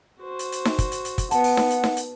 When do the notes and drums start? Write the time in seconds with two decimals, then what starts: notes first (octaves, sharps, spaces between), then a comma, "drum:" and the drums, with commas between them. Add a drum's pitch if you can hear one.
0.21 F#4 C5
0.39 drum: hi-hat
0.52 drum: hi-hat
0.65 drum: snare D#4
0.79 drum: kick, hi-hat
0.92 drum: hi-hat
1.05 drum: hi-hat
1.18 drum: kick, hi-hat
1.31 B3 F#5 A5, drum: hi-hat
1.44 drum: open hi-hat
1.57 drum: snare D#4
1.70 drum: hi-hat
1.84 drum: snare D#4
1.97 drum: hi-hat